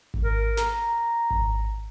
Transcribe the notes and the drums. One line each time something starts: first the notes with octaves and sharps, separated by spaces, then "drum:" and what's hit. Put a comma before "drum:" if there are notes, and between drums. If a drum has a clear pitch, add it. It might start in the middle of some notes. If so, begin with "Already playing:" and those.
drum: kick G#1
A#4
A#5, drum: snare
drum: kick G#1